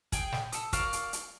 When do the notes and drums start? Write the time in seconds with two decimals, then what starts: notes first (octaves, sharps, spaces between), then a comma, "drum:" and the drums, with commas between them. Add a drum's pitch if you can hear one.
0.12 G#4 G5, drum: kick, hi-hat
0.32 drum: snare
0.52 A4 D#6, drum: hi-hat
0.73 F#4 A#4 D5 F5, drum: kick, hi-hat
0.93 drum: hi-hat
1.13 drum: hi-hat